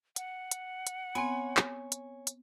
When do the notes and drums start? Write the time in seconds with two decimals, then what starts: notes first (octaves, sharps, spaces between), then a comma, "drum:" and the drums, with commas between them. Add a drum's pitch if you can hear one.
0.16 F#5, drum: hi-hat
0.51 drum: hi-hat
0.87 drum: hi-hat
1.15 B3 C4 C#5 G#5
1.57 drum: clap
1.92 drum: hi-hat
2.27 drum: hi-hat